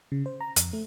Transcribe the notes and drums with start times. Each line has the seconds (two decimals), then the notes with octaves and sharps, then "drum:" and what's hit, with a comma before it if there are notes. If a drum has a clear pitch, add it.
0.12 C#3
0.26 C5
0.41 A#5
0.56 F2, drum: hi-hat
0.73 A3